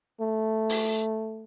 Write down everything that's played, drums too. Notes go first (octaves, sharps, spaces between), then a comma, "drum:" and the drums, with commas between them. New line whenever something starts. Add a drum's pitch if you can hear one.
A3
drum: open hi-hat